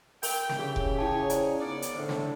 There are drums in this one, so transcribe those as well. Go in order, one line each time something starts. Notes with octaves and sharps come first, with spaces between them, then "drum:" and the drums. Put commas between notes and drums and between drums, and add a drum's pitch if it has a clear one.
A#4 G5, drum: open hi-hat
drum: snare
C#3 E4 G4 G#4
drum: kick F1
D#4 E4 G#4 C#5 G5 A5
C5 D5 A#5, drum: hi-hat
B3 D#4 A#4 D5
drum: hi-hat
A2 D3 C5
drum: snare